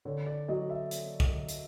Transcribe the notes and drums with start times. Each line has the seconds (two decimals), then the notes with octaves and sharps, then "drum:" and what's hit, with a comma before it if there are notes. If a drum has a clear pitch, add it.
0.05 D3 C#5
0.26 D5
0.48 F#3 D#5
0.70 E5
0.91 drum: hi-hat
1.20 drum: kick
1.49 drum: hi-hat